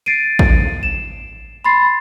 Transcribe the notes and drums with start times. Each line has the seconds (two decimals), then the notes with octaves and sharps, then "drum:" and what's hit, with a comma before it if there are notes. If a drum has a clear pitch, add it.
0.06 A6 C7 D7 D#7
0.39 drum: kick
0.83 E7
1.64 B5 C6 A6 C7